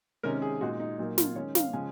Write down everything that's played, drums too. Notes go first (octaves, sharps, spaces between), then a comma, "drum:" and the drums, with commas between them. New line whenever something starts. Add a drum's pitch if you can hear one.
C3 D#3 G#3 C#4 A#4
G#4
A#2 G#3 D#4 F#4
D#4
A#2 F#3 A#3 D#4
F4, drum: snare
D#3 G#3 C#4 C#5
F5, drum: snare
C#3 F3 G#3 C#4 G#5